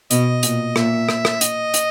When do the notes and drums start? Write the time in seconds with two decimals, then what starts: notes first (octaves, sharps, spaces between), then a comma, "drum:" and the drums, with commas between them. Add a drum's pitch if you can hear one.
0.11 B2 D#5, drum: hi-hat
0.43 A#2, drum: hi-hat
0.76 A#2 E5, drum: rim click
1.09 drum: rim click
1.25 drum: rim click
1.41 D#5, drum: hi-hat
1.74 drum: hi-hat